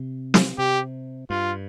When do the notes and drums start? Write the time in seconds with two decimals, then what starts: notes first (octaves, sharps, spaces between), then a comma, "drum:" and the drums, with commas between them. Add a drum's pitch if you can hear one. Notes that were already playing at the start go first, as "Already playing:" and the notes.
Already playing: C3
0.34 drum: snare
0.58 C3 G4
1.30 G2 F4